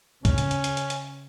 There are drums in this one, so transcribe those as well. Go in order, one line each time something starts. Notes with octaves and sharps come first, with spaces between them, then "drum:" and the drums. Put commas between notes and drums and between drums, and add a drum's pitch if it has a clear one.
C#3 C#4, drum: kick, hi-hat
drum: hi-hat
drum: hi-hat
drum: hi-hat
drum: hi-hat
drum: hi-hat